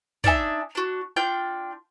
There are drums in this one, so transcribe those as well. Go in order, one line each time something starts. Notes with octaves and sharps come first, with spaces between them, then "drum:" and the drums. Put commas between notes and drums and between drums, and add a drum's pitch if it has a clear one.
D4 D#4 E5 G#5, drum: kick
D4 F#4
D4 F4 G5 G6